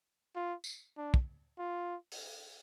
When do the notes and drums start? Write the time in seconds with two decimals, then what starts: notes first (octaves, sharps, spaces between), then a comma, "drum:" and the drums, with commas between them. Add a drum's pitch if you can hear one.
0.36 F4
0.64 drum: tambourine
0.97 D4
1.14 drum: kick
1.59 F4
2.12 drum: open hi-hat